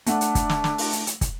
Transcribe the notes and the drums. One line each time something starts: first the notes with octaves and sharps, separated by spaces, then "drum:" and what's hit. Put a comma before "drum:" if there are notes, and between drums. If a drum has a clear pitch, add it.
A3 D4 F#5, drum: hi-hat
drum: hi-hat
drum: kick, hi-hat
drum: snare
drum: snare
drum: open hi-hat
drum: hi-hat
drum: hi-hat
drum: kick, hi-hat